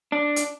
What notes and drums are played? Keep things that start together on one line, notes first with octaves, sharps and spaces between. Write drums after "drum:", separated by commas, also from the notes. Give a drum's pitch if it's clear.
D4
drum: hi-hat